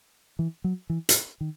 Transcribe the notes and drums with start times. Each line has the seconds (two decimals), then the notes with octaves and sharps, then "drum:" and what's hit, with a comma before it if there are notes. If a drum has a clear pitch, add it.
0.39 E3
0.64 F#3
0.90 E3
1.09 drum: hi-hat
1.41 D#3